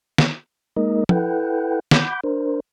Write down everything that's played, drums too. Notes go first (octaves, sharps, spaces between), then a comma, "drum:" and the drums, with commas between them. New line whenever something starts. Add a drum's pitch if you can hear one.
drum: snare
G#3 A#3 D#4 A#4 D#5
E4 A4 B4 F#5 G5, drum: tom
F#5 B5 D6 G6, drum: snare
D4 A#4 C5